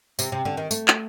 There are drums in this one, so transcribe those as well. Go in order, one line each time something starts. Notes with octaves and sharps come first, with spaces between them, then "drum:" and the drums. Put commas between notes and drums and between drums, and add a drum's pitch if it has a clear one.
C3, drum: tambourine
C3
D3
D#3
A3, drum: tambourine
drum: clap